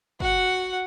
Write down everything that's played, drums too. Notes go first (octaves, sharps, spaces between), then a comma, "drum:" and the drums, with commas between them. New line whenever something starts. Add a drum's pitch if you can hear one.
F#4 F#5, drum: kick